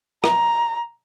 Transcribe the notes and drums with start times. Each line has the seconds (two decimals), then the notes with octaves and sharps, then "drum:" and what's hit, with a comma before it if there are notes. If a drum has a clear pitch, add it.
0.24 A#5, drum: rim click